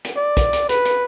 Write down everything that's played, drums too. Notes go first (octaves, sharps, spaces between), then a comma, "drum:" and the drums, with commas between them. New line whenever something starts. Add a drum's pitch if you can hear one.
drum: hi-hat
D5
drum: kick, hi-hat
drum: hi-hat
B4, drum: hi-hat
drum: hi-hat